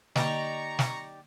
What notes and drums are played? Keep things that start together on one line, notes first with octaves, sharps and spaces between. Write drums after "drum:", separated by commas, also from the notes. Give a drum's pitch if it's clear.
D3 A#3 D#4 G4 D5 D#5 A#5 C#6, drum: snare
drum: snare